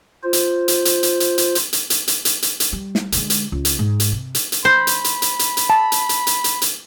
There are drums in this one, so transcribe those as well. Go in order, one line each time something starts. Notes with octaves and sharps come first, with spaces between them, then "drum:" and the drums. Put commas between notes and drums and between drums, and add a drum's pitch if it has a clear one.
F4 C5
drum: hi-hat
drum: hi-hat
drum: hi-hat
drum: hi-hat
drum: hi-hat
drum: hi-hat
drum: hi-hat
drum: hi-hat
drum: hi-hat
drum: hi-hat
drum: hi-hat
drum: hi-hat
drum: hi-hat
G3
drum: snare
D3 G#3, drum: hi-hat
drum: hi-hat
C#2
drum: hi-hat
G#2
drum: hi-hat
C3
drum: hi-hat
drum: hi-hat
C5 B5
drum: hi-hat
drum: hi-hat
drum: hi-hat
drum: hi-hat
drum: hi-hat
A5
drum: hi-hat
drum: hi-hat
drum: hi-hat
drum: hi-hat
drum: hi-hat